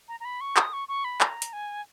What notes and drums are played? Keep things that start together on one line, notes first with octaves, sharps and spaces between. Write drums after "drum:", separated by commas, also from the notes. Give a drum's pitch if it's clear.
A#5
A#5
B5
C#6
D#6, drum: clap
C#6
C#6
B5
A#5, drum: clap
drum: hi-hat
G#5